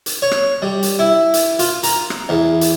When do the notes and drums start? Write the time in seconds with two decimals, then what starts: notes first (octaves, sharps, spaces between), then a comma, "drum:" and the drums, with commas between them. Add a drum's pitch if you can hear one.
0.06 drum: hi-hat
0.22 C#5
0.31 drum: rim click
0.62 G3
0.83 drum: hi-hat
0.99 E4
1.34 drum: hi-hat
1.59 F4, drum: hi-hat
1.83 A#5, drum: hi-hat
2.10 drum: rim click
2.29 E2
2.61 drum: hi-hat